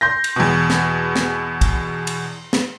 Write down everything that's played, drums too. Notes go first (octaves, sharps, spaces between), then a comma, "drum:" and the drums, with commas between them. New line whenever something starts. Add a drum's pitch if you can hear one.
C6 G6 A#6
drum: cymbal
E2 B2
drum: snare
drum: snare
drum: kick, cymbal
drum: cymbal
drum: snare